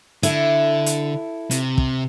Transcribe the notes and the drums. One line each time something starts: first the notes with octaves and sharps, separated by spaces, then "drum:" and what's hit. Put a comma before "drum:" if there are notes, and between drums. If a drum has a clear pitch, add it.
D3 E4 A4, drum: hi-hat
drum: hi-hat
C3, drum: hi-hat
drum: kick